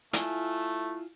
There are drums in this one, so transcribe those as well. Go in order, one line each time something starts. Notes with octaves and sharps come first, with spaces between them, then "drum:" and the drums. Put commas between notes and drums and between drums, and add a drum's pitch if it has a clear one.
A3 E4 F4 G#5, drum: hi-hat